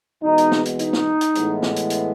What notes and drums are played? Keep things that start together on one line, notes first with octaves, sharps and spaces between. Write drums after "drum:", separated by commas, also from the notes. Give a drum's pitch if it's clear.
E2 B2 G#3 B3 D#4
drum: hi-hat
drum: snare
drum: hi-hat
D#4, drum: hi-hat
drum: snare
drum: hi-hat
A2 E3 G#3 B3, drum: hi-hat
drum: snare
drum: hi-hat
drum: hi-hat